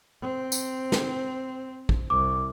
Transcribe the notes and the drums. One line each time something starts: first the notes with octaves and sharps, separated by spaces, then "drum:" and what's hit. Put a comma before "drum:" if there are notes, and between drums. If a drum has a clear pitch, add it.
C4
drum: tambourine
drum: snare
drum: kick
C2 D6